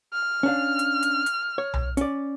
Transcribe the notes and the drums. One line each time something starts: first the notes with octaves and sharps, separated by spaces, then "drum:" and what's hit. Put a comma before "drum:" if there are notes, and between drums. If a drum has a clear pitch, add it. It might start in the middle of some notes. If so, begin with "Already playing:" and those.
F6
C#4 D4 F5
drum: hi-hat
drum: hi-hat
drum: hi-hat
C#5
drum: tom B1
C#4 D5, drum: hi-hat